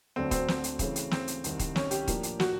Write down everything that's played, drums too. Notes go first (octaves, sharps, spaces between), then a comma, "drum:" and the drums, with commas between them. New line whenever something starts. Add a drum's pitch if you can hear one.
D2 D3 F#3 A3 C4 D4
C4, drum: kick D#1, hi-hat
C4, drum: snare
drum: hi-hat
C#3 E3 A3 C#4, drum: kick D#1, hi-hat
drum: hi-hat
C4, drum: snare
drum: hi-hat
C2 C3 D#3, drum: hi-hat
drum: kick D#1, hi-hat
C#4, drum: snare
G4, drum: hi-hat
A2 F3 A#3 D4, drum: kick D#1, hi-hat
drum: hi-hat
F#4, drum: snare